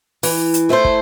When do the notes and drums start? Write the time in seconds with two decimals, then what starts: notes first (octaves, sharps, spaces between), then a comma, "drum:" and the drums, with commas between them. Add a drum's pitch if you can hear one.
0.23 E3, drum: open hi-hat
0.54 drum: hi-hat
0.69 A3 E4 A4 C5
0.84 drum: kick